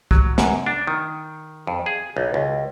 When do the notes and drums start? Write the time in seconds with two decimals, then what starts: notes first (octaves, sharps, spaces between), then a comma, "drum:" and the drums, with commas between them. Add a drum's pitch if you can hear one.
0.11 F#3, drum: kick C2
0.38 F#2, drum: snare
0.66 D4
0.87 D#3
1.67 F2
1.86 G#4
2.17 B1
2.34 C#2